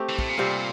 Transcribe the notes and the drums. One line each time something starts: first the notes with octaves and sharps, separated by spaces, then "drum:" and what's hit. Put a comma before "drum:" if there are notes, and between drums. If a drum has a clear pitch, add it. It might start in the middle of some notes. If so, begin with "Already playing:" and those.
Already playing: A3 C4 G4
E3
A2, drum: kick
A#2
C3 G3 C4 F4